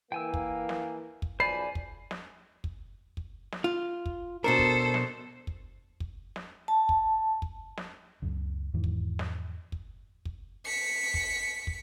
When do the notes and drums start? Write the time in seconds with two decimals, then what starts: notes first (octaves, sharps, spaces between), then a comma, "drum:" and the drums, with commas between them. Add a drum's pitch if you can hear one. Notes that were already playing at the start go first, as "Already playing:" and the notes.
0.12 E3 A#3 G5 G#5 E6
0.34 drum: kick
0.69 drum: snare
1.22 drum: kick
1.40 B1 F3 C5 D5 G#5 B5 C7
1.75 drum: kick
2.11 drum: snare
2.64 drum: kick
3.17 drum: kick
3.52 drum: snare
3.64 F4
4.06 drum: kick
4.44 B2 D4 A4 A#4 C5
4.59 drum: kick
4.94 drum: snare
5.47 drum: kick
6.00 drum: kick
6.36 drum: snare
6.68 A5
6.89 drum: kick
7.42 drum: kick
7.77 drum: snare
8.22 C#2 F#2 C#3
8.74 E2 G#2 D#3 E3
8.84 drum: kick
9.19 drum: snare
9.72 drum: kick
10.25 drum: kick
10.66 B6 C#7
11.14 drum: kick
11.67 drum: kick